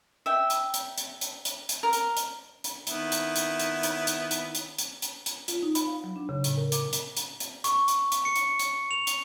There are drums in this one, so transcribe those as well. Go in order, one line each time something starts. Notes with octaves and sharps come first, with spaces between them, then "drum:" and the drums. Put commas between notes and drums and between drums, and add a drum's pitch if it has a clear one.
E5 G5
drum: hi-hat
drum: hi-hat
drum: hi-hat
drum: hi-hat
drum: hi-hat
drum: hi-hat
A#4
drum: hi-hat
drum: hi-hat
drum: hi-hat
D#3 B3 E4, drum: hi-hat
drum: hi-hat
drum: hi-hat
drum: hi-hat
drum: hi-hat
drum: hi-hat
drum: hi-hat
drum: hi-hat
drum: hi-hat
drum: hi-hat
drum: hi-hat
F4, drum: hi-hat
D#4
B5, drum: hi-hat
F5
F#3
D4
C#3
A2, drum: hi-hat
A#4
D6, drum: hi-hat
drum: hi-hat
drum: hi-hat
drum: hi-hat
C#6, drum: hi-hat
drum: hi-hat
drum: hi-hat
C#7
drum: hi-hat
drum: hi-hat
F7
drum: hi-hat